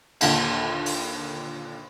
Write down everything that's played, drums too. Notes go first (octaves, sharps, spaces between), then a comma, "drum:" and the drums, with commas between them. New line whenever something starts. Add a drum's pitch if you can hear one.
D#2 A#2 D3 F5, drum: cymbal
drum: open hi-hat